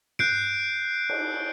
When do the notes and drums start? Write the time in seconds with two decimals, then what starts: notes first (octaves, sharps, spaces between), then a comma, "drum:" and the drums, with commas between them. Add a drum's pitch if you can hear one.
0.19 F#6 G6 C7 D7, drum: tom
1.09 drum: cymbal